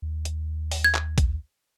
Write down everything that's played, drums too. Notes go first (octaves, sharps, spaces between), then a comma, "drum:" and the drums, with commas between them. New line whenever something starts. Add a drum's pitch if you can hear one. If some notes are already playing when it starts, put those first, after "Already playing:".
D#2
drum: hi-hat
drum: open hi-hat
G#6
drum: clap
drum: kick, hi-hat